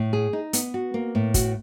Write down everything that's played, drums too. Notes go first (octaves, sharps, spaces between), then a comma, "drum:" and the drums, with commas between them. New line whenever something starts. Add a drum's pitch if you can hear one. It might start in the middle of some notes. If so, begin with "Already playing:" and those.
Already playing: A2
G#4
D#4
B3, drum: hi-hat
F#4
A#3
A2
F#4, drum: kick, hi-hat